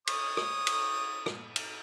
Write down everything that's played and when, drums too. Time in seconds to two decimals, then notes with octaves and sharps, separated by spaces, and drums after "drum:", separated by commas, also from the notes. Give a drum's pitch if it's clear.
0.07 C#5 D#6, drum: cymbal
0.37 drum: rim click
0.67 drum: cymbal
1.26 drum: rim click
1.56 drum: cymbal